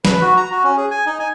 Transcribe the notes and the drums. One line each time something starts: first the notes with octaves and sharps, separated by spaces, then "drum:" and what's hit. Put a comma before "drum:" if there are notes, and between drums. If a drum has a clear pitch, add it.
B4, drum: snare
F#4
A#5
F#4
C#4
G#4
G#5
D#4
G#5